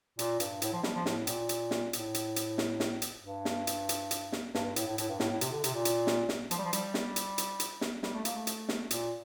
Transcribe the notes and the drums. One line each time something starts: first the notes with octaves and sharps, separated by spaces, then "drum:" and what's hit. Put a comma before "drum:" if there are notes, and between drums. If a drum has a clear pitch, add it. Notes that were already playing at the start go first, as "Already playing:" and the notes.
A#2, drum: hi-hat
G2, drum: hi-hat
A2, drum: hi-hat
F3
G3, drum: snare
F3
A2, drum: snare
A#2, drum: hi-hat
drum: hi-hat
drum: snare
A2, drum: hi-hat
drum: hi-hat
drum: hi-hat
drum: snare
drum: snare
drum: hi-hat
G2
drum: snare
drum: hi-hat
drum: hi-hat
drum: hi-hat
drum: snare
G2, drum: snare
G2
A2, drum: hi-hat
A2
A2, drum: hi-hat
G2
A2, drum: snare
A2
C3, drum: hi-hat
D3
C3, drum: hi-hat
A#2
drum: hi-hat
drum: snare
drum: snare
F3, drum: hi-hat
G3
F3
G3, drum: hi-hat
drum: snare
drum: hi-hat
drum: hi-hat
drum: hi-hat
drum: snare
G3, drum: snare
A3
A#3, drum: hi-hat
A3
drum: hi-hat
drum: snare
A#2, drum: hi-hat